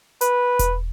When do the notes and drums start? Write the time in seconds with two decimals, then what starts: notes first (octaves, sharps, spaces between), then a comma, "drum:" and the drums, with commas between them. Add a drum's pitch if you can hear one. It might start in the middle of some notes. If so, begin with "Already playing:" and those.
0.21 B4, drum: hi-hat
0.59 drum: kick E1, hi-hat